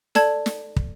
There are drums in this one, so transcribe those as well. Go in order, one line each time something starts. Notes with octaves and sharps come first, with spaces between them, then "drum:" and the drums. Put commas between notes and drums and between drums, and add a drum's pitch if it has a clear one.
A4 D5 A5 G#6, drum: snare
drum: snare
drum: kick